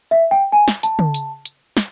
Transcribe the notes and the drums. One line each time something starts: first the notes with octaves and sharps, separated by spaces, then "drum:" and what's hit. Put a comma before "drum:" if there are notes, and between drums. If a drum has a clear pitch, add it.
E5
G5
G#5
drum: snare
A5, drum: hi-hat
drum: tom
drum: hi-hat
drum: hi-hat
drum: snare